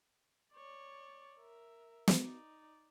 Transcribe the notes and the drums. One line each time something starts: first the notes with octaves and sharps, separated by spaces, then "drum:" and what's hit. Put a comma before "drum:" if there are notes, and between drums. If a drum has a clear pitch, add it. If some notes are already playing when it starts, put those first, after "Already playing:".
C#5 D5
A#4 E5
drum: snare
D#4 D5